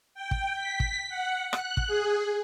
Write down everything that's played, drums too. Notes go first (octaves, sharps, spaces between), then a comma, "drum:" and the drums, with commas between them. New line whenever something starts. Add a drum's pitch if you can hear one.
G5
drum: kick
B6
drum: kick
F#5
F#6, drum: rim click
drum: kick
G#4